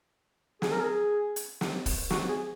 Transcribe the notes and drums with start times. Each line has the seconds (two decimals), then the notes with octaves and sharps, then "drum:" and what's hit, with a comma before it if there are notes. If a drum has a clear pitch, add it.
0.62 G#4, drum: snare
0.72 A#4
0.81 G#4
1.36 drum: hi-hat
1.61 drum: snare
1.86 drum: kick, open hi-hat
2.10 F#4, drum: snare
2.29 G#4